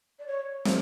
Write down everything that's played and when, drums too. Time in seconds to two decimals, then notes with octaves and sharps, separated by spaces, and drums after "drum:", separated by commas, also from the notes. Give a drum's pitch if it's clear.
0.19 D5
0.27 C#5
0.65 C5, drum: snare